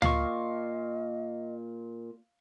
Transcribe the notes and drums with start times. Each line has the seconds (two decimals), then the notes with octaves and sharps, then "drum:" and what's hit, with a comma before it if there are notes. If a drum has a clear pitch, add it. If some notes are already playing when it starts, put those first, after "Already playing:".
0.02 A#2 D#5 F5 C#6, drum: tom C#2